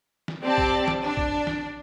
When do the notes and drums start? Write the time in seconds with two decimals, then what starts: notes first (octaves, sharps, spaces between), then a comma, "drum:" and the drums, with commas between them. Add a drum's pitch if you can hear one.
0.28 drum: snare
0.43 C4 G4 D5 A5
0.58 drum: kick A#1
0.88 drum: snare
1.02 D4
1.17 drum: kick A#1
1.47 drum: snare